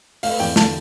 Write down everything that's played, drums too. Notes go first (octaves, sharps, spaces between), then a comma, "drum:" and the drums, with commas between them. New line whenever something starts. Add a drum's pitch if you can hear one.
A3 F5, drum: open hi-hat
E2 G5
D3 A5, drum: snare